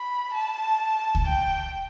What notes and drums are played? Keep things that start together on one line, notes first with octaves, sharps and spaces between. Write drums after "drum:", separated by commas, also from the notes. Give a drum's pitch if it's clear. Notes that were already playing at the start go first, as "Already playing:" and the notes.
Already playing: B5
A5
drum: kick C#2
G5